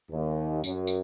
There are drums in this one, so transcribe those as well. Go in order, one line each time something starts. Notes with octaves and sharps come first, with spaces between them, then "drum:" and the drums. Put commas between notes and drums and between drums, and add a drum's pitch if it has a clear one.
D#2
F#2, drum: tambourine
drum: tambourine